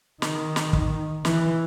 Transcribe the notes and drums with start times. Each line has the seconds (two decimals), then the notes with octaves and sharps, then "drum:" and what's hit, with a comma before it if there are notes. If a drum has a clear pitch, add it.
0.22 D#3, drum: snare
0.56 drum: snare
0.73 drum: kick
1.25 E3, drum: snare